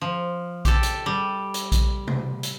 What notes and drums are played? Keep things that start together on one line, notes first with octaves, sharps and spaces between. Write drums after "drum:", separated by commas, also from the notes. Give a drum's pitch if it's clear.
F3
G4 A4, drum: kick A#1, hi-hat
drum: hi-hat
G3
drum: hi-hat
drum: kick A#1, hi-hat
drum: tom B2
drum: hi-hat